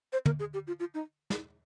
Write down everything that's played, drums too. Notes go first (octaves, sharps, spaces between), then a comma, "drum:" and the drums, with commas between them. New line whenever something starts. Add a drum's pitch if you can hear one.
C5
A#4, drum: tom
G#4
G4
F4
F4
D#4
drum: snare